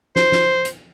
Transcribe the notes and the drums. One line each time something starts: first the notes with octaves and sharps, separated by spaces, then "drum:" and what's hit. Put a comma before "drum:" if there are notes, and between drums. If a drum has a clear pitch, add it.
C5, drum: snare
drum: snare
drum: hi-hat